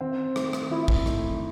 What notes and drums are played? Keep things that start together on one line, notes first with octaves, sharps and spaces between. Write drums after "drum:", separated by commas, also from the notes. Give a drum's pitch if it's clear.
D#3 C4
A3 D#4, drum: rim click
drum: rim click
D#3 E4
drum: kick
A3 D#4, drum: rim click